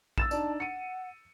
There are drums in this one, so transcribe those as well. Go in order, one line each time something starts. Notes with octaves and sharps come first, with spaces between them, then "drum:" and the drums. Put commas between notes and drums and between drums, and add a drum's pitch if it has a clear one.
E6 A6 E7, drum: kick A#1
D4 D#4 D5 A5, drum: tambourine
F#5 C#7 D#7